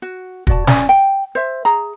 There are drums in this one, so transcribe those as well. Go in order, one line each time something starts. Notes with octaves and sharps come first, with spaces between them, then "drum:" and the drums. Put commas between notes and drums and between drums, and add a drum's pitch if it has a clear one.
F#4
F#4 D5 A5, drum: kick
C#4 D5 G#5, drum: snare
G5
C5 E5
G#4 A#5